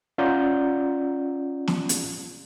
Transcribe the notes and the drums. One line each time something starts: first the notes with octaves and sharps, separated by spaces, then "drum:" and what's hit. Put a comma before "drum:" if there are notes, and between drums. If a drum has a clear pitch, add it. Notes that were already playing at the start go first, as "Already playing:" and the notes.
C#4 F4 D5 F#5 A#5 G6
drum: snare
drum: hi-hat